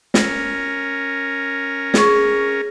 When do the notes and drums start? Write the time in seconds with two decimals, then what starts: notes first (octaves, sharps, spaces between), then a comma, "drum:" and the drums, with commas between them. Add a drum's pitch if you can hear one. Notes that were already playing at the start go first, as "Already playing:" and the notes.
0.14 C#4 A#4, drum: snare
1.94 G#4 C#6, drum: snare